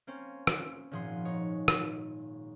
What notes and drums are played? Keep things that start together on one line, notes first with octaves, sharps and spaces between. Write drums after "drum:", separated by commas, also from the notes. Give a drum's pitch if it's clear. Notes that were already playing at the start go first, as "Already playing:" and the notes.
A#3 C4 C#4
drum: rim click
G#1 A#2 F3 G#4 F#5 C6
D#4 C#5
drum: rim click